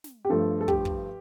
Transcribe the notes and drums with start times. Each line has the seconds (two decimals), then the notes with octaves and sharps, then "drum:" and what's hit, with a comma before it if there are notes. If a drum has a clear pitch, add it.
0.04 drum: snare
0.25 G4
0.30 G2 F3 A3 A4
0.61 A4
0.68 G4, drum: kick
0.85 drum: kick